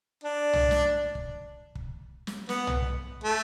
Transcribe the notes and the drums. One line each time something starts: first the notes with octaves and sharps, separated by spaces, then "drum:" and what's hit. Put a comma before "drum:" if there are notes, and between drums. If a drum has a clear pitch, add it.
D4
drum: tom
drum: snare
drum: kick
drum: kick
drum: snare
B3, drum: snare
drum: tom
A3